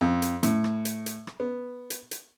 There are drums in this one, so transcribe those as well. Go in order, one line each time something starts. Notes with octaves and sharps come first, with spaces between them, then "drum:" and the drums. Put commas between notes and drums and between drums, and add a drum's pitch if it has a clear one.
F2
drum: hi-hat
A2, drum: hi-hat
drum: rim click
drum: hi-hat
drum: hi-hat
drum: rim click
B3
drum: hi-hat
drum: hi-hat